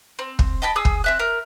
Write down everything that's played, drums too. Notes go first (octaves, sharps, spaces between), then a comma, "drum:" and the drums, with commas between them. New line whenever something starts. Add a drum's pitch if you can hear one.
C4
drum: kick
D#5 G5 A5 B5
G#4 G#5 D#6 E6
drum: kick
C4 E5 F#6
A#4